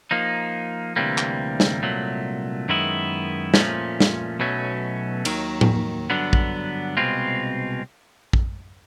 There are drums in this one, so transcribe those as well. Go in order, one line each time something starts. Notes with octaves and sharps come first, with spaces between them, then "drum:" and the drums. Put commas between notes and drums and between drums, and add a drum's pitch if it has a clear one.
F3 A#3 D#4
D2 C3 E3 G3 A#3
drum: clap
drum: snare
C2 A#2 F#3 A3
F#2 D#3 G#3 B3 E4
A#2 F3 A3 C#4, drum: snare
drum: snare
B1 B2 F#3 A3 C#4
D#2 D#3 F#3, drum: cymbal
drum: tom A2
G2 D3 F#3 B3 D4
drum: kick
C2 B2 G#3 C4 F4
drum: kick